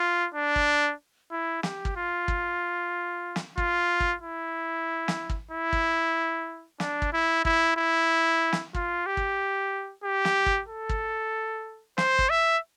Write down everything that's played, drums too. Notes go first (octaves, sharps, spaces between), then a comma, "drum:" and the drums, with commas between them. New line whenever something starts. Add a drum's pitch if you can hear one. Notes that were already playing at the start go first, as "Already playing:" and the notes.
Already playing: F4
D4
drum: kick
E4
G4, drum: snare
drum: kick
F4
drum: kick
drum: snare
F4, drum: kick
drum: kick
E4
drum: snare
drum: kick
E4
drum: kick
D4, drum: snare
drum: kick
E4
E4, drum: kick
E4
drum: snare
F4, drum: kick
G4
drum: kick
G4
drum: snare
drum: kick
A4
drum: kick
C5, drum: snare
drum: kick
E5